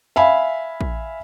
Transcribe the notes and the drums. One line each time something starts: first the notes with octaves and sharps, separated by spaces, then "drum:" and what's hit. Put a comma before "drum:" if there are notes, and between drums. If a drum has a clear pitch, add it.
E5 F5 G#5 B5
drum: kick